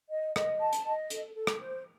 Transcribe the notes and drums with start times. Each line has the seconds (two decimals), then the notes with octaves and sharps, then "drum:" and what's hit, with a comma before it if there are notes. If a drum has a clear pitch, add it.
0.10 D#5
0.36 D#5, drum: rim click
0.60 A5
0.73 drum: hi-hat
0.86 D#5
1.10 A4, drum: hi-hat
1.35 A4
1.47 drum: rim click
1.59 C5